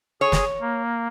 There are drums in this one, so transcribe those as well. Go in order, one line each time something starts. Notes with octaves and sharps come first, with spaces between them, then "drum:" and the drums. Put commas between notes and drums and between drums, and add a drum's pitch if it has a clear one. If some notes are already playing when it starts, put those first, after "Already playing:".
G#4 C#5
drum: snare
A#3